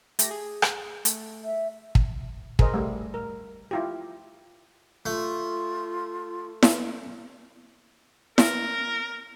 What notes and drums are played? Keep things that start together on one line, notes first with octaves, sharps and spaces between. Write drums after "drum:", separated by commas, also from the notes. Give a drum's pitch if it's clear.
A3 G4 A#6, drum: hi-hat
G#4
drum: rim click
A3, drum: hi-hat
E5
drum: kick
G#4 A#4 C5 D#5, drum: kick
G3 A3
A#4
E4 F4 G4
A3 F4
drum: snare E4
A#4, drum: snare E4